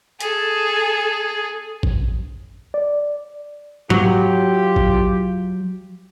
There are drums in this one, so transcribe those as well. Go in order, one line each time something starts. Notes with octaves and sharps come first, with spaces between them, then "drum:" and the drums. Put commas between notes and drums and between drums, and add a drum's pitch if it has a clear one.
G#4 A4, drum: hi-hat
drum: kick G#1
D5
F#3 F4 G4, drum: tom G#2
drum: kick G#1